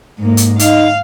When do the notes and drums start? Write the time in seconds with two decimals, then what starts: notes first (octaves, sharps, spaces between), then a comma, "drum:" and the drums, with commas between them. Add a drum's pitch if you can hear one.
0.18 G#2 A#3
0.37 drum: hi-hat
0.59 D#4 F5, drum: hi-hat